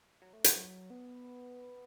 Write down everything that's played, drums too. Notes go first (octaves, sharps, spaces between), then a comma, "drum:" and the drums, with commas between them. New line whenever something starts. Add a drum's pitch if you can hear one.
F#3
A3
F#3, drum: hi-hat
F#3
B3